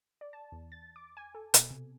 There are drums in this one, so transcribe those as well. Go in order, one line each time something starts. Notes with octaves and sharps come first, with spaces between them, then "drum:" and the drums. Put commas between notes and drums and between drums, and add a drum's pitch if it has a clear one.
D5
A5
E2
A6
D6
G#5
A4
B2, drum: hi-hat
C3